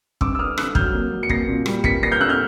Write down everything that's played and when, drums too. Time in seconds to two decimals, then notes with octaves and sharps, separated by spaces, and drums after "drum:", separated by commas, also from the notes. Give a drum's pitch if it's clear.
0.21 G2 D6 E6, drum: kick
0.35 E6
0.39 D3 D#6 F6
0.58 D3 E6 F#6, drum: rim click
0.75 F#3 F6 G6, drum: kick
0.94 A#3
1.11 F#3
1.23 C#7
1.29 A#3 A#6 C7, drum: kick
1.48 A#2
1.66 G3, drum: rim click
1.84 A#3 B6 C#7, drum: kick
2.02 A#3 A#6 C7
2.12 F6 G6
2.20 D3 E6 F#6
2.29 F6 G6